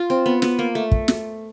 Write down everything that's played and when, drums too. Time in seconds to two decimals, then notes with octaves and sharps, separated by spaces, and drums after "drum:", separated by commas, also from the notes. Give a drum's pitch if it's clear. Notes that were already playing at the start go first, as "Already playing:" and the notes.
Already playing: F4
0.10 C4
0.26 B3
0.42 B3, drum: snare
0.59 A#3
0.75 A3
0.92 drum: kick
1.08 drum: snare